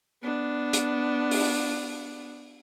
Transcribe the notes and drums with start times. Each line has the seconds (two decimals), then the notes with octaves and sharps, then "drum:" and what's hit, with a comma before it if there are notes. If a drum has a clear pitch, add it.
0.23 B3 D4
0.73 drum: hi-hat
1.31 drum: open hi-hat